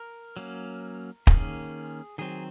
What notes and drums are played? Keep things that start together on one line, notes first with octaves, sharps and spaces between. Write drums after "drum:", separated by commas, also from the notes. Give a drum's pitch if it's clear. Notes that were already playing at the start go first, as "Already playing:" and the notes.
Already playing: A#4
F#3 A#3 C#4
D#3 A#3 C#4 G#4, drum: kick
D#3 F#3 C4 G#4